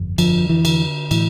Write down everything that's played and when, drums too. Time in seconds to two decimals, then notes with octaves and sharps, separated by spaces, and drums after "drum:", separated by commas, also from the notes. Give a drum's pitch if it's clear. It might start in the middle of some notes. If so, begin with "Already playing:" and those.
Already playing: G1 F2
0.18 D3 F3, drum: cymbal
0.49 E3
0.65 D3, drum: cymbal
1.11 A2 E3, drum: cymbal